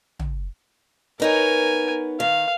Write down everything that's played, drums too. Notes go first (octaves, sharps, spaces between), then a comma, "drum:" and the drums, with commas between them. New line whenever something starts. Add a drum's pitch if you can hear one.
drum: tom
B3 D#4 A#4 C#5 G#5
D#3 F5